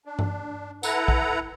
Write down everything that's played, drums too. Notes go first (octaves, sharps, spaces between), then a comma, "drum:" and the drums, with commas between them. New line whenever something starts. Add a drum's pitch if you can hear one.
D4
drum: tom G2
E4 A4 B4 F#5 A#5, drum: tambourine
drum: kick